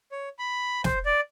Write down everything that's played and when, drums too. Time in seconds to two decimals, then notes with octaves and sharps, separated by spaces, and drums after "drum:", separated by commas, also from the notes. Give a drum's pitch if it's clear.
0.12 C#5
0.39 B5
0.84 C5, drum: snare
1.05 D5